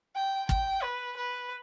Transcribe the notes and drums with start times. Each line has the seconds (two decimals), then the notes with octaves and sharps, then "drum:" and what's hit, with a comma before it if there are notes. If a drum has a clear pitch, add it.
0.16 G5
0.49 G5, drum: kick
0.83 B4
1.16 B4